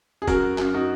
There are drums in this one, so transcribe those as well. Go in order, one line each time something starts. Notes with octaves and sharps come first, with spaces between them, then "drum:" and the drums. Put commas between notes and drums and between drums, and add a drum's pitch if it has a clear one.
G#4
F#2 F#4 A#4, drum: kick F1, tambourine
F#2, drum: clap
D#4 F#4